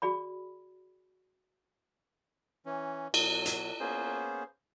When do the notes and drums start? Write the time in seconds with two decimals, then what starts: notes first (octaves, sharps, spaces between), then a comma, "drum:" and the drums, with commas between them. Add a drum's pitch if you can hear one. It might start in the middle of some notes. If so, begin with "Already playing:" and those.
0.02 F#4 G#4 D5 B5
2.66 E3 C#4
3.14 B2 F#3, drum: cymbal
3.46 drum: hi-hat
3.80 A#3 B3 C#4 G#4 C5